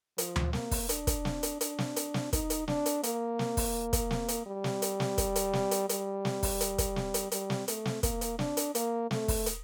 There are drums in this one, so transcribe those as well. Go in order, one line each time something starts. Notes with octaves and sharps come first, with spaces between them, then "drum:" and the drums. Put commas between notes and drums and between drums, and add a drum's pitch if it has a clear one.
F3, drum: hi-hat
drum: tom D2
A#3, drum: snare
drum: kick, open hi-hat
D4, drum: hi-hat
drum: kick, hi-hat
drum: snare
drum: hi-hat
D4, drum: hi-hat
drum: snare
drum: hi-hat
drum: snare
D#4, drum: kick, hi-hat
drum: hi-hat
D4, drum: snare
drum: hi-hat
A#3, drum: hi-hat
drum: snare
drum: kick, open hi-hat
drum: kick, hi-hat
drum: snare
drum: hi-hat
G3
drum: snare
drum: hi-hat
drum: snare
drum: kick, hi-hat
drum: hi-hat
drum: snare
drum: hi-hat
G3, drum: hi-hat
drum: snare
drum: kick, open hi-hat
drum: hi-hat
drum: kick, hi-hat
drum: snare
drum: hi-hat
G3, drum: hi-hat
drum: snare
A3, drum: hi-hat
drum: snare
A#3, drum: kick, hi-hat
drum: hi-hat
D4, drum: snare
drum: hi-hat
A#3, drum: hi-hat
A3, drum: snare
drum: kick, open hi-hat
drum: hi-hat